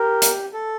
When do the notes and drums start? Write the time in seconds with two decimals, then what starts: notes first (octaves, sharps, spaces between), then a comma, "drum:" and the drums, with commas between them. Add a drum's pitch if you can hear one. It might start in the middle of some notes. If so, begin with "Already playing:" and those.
Already playing: G4 A#4
0.22 drum: hi-hat
0.53 A4